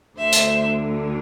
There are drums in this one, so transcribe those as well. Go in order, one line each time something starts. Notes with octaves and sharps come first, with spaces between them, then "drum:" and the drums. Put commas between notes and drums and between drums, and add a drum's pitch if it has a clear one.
D2 D3 A3 D4 C5 E5
drum: hi-hat